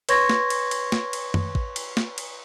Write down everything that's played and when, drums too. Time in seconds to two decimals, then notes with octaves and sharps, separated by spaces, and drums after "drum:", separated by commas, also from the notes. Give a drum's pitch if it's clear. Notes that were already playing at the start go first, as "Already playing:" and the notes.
0.09 B4 C#5 C6 C#6 G#6 A#6, drum: cymbal
0.30 drum: snare
0.50 drum: cymbal
0.71 drum: cymbal
0.92 drum: snare
1.13 drum: cymbal
1.34 drum: tom F#2
1.55 drum: kick
1.76 drum: cymbal
1.97 drum: snare
2.18 drum: cymbal